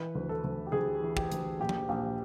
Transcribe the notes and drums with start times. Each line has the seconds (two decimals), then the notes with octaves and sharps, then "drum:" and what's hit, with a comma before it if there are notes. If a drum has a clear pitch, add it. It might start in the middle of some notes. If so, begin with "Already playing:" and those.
Already playing: E3 B4
0.15 D2
0.29 A4
0.44 D2
0.67 G4
0.72 D2 G#4
1.02 E3
1.17 G4, drum: kick
1.32 D2, drum: hi-hat
1.60 A#1 G4
1.69 drum: tom F3
1.89 A#1 G4